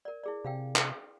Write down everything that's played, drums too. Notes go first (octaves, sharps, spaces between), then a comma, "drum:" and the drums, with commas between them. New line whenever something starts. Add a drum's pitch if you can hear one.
A#4 D5
E4 G#4 D5
C3 D4 F5 G5
drum: clap